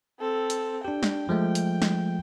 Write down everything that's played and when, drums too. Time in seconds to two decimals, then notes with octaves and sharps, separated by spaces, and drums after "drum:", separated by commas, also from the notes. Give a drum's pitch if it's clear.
0.20 C4 A4
0.50 drum: hi-hat
0.85 D4 G4 G5
1.03 drum: snare
1.29 F3 G#3 A3
1.55 drum: hi-hat
1.82 drum: snare